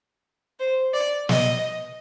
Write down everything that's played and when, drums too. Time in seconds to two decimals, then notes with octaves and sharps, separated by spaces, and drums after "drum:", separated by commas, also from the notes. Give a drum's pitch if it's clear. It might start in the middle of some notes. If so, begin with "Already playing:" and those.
0.60 C5
0.94 D5
1.29 D#5, drum: snare